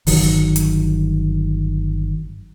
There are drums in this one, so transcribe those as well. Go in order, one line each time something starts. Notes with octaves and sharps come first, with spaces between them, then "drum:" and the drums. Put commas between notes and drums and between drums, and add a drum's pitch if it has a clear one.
G1 D#3 F#3, drum: open hi-hat
drum: hi-hat